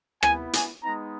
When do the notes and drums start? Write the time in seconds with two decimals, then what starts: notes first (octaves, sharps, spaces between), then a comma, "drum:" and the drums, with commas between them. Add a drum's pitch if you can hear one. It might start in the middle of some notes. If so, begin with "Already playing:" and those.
0.23 B3 E4 G#5, drum: rim click
0.53 G#5, drum: hi-hat
0.83 G#3 B3 D#4 A#5